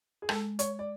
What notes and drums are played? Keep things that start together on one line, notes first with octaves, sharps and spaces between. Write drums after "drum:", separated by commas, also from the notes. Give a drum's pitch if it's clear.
G#4
G#3 A4, drum: rim click
C#5, drum: hi-hat
D5